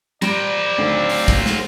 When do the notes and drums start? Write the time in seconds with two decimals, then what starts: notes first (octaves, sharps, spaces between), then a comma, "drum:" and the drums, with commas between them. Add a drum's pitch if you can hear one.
0.22 G3 A#4 C5 D5 A#6 D7, drum: cymbal
0.78 D2 D3 D#3 F#3 C4 F5
1.09 drum: open hi-hat
1.28 drum: kick
1.46 drum: snare